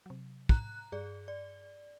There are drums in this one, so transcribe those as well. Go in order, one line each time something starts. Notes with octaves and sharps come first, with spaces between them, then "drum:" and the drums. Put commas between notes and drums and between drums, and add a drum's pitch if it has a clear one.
C3 F#3
A#5 F#6, drum: kick
G2 G#4 D5
D5